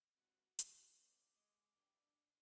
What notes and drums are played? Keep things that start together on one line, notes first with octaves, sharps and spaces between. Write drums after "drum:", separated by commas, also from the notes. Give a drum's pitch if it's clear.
G#2 C3 F#4 B4 F#5
G#2 D#3 G4 G#4 A#4, drum: hi-hat
C4 D#4 F#4 D6
G#3 D#5
G2 D4 B4 G5 C6